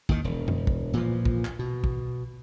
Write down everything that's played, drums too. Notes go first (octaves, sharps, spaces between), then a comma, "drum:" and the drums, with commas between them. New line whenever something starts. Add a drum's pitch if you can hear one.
D#2 D#3, drum: kick
E1
drum: tom F#2
drum: kick
A#2 E3 F3
drum: kick
drum: clap
B2
drum: kick